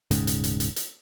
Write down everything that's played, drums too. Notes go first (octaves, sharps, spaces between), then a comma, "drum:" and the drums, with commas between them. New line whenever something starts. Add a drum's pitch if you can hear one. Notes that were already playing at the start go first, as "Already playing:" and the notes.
D#1 G#2 C#3, drum: hi-hat
drum: hi-hat
drum: hi-hat
drum: hi-hat
drum: hi-hat